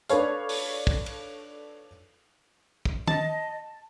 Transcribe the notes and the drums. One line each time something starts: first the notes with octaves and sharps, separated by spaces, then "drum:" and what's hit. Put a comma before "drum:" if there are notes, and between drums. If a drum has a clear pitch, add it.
D4 A4 B4 C#5 F5, drum: hi-hat
drum: open hi-hat
drum: kick
drum: cymbal
drum: kick
D#5 A5, drum: tom